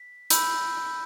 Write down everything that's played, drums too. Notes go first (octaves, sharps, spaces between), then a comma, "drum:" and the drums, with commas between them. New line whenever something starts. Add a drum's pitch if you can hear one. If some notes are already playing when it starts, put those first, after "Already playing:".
Already playing: B6
B5 E6 G6, drum: hi-hat